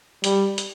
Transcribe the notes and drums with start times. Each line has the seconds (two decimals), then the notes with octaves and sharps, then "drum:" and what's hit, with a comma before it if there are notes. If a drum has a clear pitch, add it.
0.24 G3, drum: hi-hat
0.58 drum: hi-hat